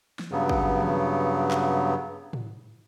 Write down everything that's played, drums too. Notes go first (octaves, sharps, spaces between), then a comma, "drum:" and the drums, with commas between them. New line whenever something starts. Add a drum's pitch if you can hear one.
drum: snare
G2 C#3 F#3 B3
drum: kick
drum: tom
drum: clap
drum: tom